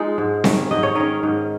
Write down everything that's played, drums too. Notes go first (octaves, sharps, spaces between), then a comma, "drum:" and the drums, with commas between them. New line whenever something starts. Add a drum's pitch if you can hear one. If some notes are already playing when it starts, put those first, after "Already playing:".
Already playing: G#3 D#4 F4
G#2
D#3 C#4, drum: snare C4
G#2 D#5
C#5
D#3 C#4 A#4 D#5
G#2